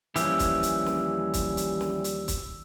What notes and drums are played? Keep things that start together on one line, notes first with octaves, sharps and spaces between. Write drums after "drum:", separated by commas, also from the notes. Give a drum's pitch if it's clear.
D#2 E3 F3 G3 C#4 G4 E6, drum: hi-hat
drum: kick, hi-hat
drum: hi-hat
drum: snare
drum: kick, hi-hat
drum: hi-hat
drum: snare
drum: hi-hat
drum: kick, hi-hat